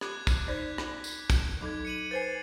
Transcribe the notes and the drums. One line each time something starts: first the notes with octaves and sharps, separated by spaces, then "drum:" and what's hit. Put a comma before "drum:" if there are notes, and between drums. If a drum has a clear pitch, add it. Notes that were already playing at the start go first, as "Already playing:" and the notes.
G4 D6 F#6 G#6, drum: rim click
drum: kick, tambourine
D#4 C5 D5 G6 G#6 B6
drum: rim click
drum: tambourine
drum: kick, tambourine
F#3 D#4 A4 D6 G#6
C#7 D#7 F#7
B4 C5 G#5 A6 C7